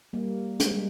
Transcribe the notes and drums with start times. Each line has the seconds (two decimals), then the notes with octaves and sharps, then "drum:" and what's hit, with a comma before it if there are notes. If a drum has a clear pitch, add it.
0.13 G3 A#3
0.60 G#3, drum: hi-hat
0.71 G3